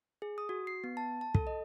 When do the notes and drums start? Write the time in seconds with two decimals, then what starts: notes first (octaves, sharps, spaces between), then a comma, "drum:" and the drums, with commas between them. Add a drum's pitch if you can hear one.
0.22 G#4
0.38 D#6
0.49 F#4
0.67 C7
0.84 B3
0.97 A5
1.21 A5
1.35 A4, drum: kick
1.47 D#5